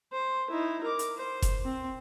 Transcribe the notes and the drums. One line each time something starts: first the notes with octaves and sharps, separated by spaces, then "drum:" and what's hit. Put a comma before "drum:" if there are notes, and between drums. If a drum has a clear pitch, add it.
C5
D#4 E4
A#4 D6
drum: hi-hat
C5
drum: kick F#1, hi-hat
C4